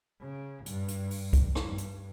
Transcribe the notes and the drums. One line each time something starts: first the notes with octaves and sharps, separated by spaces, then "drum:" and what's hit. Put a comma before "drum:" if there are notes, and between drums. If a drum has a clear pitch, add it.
C#3
G2, drum: hi-hat
drum: hi-hat
drum: open hi-hat
drum: kick, hi-hat
drum: rim click
G2
drum: hi-hat